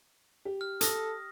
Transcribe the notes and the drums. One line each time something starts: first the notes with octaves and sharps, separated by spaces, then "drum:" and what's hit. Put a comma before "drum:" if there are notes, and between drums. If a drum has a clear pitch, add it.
G4
F6
A4 D#6 A#6, drum: hi-hat